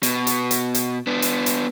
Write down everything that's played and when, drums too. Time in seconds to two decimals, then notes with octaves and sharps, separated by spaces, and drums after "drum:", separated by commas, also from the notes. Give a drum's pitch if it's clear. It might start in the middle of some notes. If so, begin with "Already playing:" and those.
0.03 B2, drum: hi-hat
0.27 drum: hi-hat
0.51 drum: hi-hat
0.75 drum: hi-hat
1.07 B3 D4
1.22 drum: hi-hat
1.46 drum: hi-hat